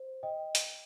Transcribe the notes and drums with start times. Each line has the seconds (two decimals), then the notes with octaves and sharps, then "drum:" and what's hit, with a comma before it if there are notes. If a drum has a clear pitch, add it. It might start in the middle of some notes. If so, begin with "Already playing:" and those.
Already playing: C5
0.23 D#5 G5
0.55 drum: hi-hat